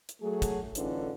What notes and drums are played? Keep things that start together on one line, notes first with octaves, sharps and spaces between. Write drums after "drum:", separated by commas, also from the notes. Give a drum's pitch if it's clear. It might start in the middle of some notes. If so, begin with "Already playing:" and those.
drum: hi-hat
F#3 A3 G#4
drum: kick, hi-hat
A2 D3 E3 C#4 D#4 F4, drum: hi-hat